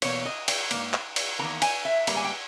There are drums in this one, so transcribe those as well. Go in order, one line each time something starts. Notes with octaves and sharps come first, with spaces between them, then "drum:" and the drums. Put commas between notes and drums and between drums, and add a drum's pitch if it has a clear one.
E2 B2 A#3 C#5, drum: cymbal
D#5
G5, drum: cymbal
G#2 D#3 A#3, drum: cymbal
drum: clap
drum: cymbal
E2 D#3 A#3 A#5
G#5, drum: cymbal
E5
G#2 G3 A#3 A#5, drum: cymbal
G#5
G5